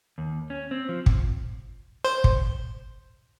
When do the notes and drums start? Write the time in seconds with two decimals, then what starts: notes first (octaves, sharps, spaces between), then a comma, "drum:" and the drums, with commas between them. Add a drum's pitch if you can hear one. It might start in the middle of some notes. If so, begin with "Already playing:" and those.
0.18 D#2
0.50 C#4
0.71 C4
0.89 F3
1.06 drum: kick
2.05 C5
2.24 drum: kick